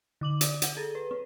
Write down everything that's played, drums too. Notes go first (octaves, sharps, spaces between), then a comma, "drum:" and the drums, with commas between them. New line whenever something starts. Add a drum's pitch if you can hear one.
D3 D6 F#7
D5, drum: hi-hat
F#5 D#7, drum: hi-hat
G#4 A4
B4
C4